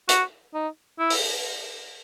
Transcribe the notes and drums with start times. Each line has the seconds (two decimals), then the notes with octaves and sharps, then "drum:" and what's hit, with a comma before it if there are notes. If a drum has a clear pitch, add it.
0.09 F#4, drum: hi-hat
0.54 D#4
0.99 E4
1.10 drum: open hi-hat